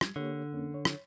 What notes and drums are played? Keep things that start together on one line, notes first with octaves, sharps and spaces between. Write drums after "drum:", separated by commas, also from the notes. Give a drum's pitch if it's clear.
G3 G#6, drum: rim click
D3 A#3 G4 C#5
F2 A#3 C#4
C#5
drum: rim click